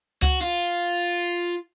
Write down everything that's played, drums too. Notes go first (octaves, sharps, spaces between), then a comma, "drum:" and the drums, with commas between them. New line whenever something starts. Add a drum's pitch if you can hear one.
F#4, drum: kick C#2
F4